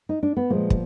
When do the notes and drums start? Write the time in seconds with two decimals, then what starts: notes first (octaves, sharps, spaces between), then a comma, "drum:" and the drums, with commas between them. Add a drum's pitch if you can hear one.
0.09 D#4
0.23 D4
0.37 B3
0.50 A#2 F3 G#3 A#3
0.70 drum: kick